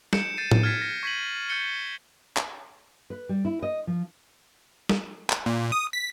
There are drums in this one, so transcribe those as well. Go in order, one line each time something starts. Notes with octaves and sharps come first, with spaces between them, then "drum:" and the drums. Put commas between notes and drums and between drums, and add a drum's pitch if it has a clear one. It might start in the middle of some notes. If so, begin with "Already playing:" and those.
G6 C#7 D7 E7, drum: snare
G6 A6 C7 D#7
drum: tom A2
F6 G#6 A6 B6 C7
A#6
C#6 G#6 B6 D#7 F#7
F6 G6 A6 C#7 G7
drum: clap
B4
G3
E4
D#5
F3
drum: snare
drum: clap
A#2
D#6
B6